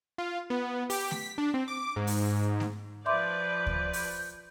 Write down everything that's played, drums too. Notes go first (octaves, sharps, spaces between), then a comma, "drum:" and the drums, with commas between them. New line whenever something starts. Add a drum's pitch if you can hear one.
F4
B3
G4, drum: open hi-hat
B6, drum: snare A3
D4
C4
D6
G#2
drum: open hi-hat
drum: snare A3
F3 B4 D5 E5 C6 D6 G6
drum: kick D2
drum: open hi-hat